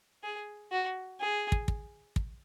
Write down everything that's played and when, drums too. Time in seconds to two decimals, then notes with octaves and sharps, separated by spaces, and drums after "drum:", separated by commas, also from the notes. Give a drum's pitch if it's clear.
0.23 G#4
0.72 F#4
1.21 G#4
1.52 drum: kick
1.68 drum: kick
2.16 drum: kick